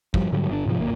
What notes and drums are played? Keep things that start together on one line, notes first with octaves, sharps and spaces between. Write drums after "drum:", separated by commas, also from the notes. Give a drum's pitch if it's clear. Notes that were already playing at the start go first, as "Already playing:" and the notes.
G2 F3 G3, drum: kick
G#2 D3 F#3 G3
G1 C#4 D4
G#2 C3 D#3 F3
D1 G#1 A#3